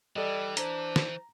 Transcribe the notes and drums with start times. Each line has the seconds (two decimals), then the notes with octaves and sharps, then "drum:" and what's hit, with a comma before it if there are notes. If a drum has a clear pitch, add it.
0.16 E3 G3 A4 D5 D#5
0.57 D4 C5 A#5, drum: hi-hat
0.96 drum: snare